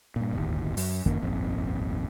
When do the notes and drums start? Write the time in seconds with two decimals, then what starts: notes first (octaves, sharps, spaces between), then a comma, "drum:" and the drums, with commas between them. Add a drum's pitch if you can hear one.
0.16 G2 A#2
0.33 D1 G1 D#2
0.77 F#2, drum: open hi-hat
1.06 F#2 D#3 A#3, drum: kick
1.22 D#1 G#1 F2